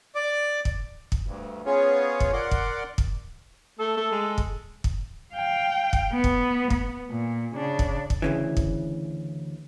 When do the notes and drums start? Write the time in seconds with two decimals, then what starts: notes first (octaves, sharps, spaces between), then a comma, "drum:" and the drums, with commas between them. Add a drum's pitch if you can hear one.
0.15 D5 D6
0.65 drum: kick
1.12 drum: kick
1.27 D2 G2
1.66 B3 C#4 F4 G#4 C#5
2.20 drum: kick
2.33 A#4 D5 F#5 C6 D6
2.51 drum: kick
2.98 drum: kick
3.79 A3 A4
3.97 A3
4.12 G#3
4.38 drum: kick
4.84 drum: kick
5.34 F5 G5
5.93 drum: kick
6.13 B3
6.24 drum: kick
6.70 B3, drum: kick
7.11 A#2
7.55 C#3 D4
7.79 drum: kick
8.10 drum: kick
8.22 D2 C#3 E3
8.57 drum: kick